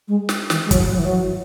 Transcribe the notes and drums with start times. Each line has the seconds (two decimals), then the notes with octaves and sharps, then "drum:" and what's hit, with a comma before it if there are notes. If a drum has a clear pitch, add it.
0.08 G#3
0.29 drum: snare
0.50 E3, drum: snare
0.66 G#3
0.71 F#3, drum: kick, hi-hat
0.91 F#3
0.99 E3
1.05 F#3